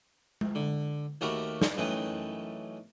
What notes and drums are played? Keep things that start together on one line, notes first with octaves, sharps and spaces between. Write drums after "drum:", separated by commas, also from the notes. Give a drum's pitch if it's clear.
drum: tom G#3
D3
D#2 A3 F#4 G4 A#4 B5
drum: snare
F#2 E3 A3 D#4 B4 G5